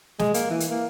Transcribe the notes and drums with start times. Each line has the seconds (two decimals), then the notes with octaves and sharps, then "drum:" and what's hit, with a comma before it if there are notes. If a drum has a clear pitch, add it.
0.19 G#3, drum: snare
0.34 A#3, drum: hi-hat
0.51 E3
0.60 drum: hi-hat
0.70 A#3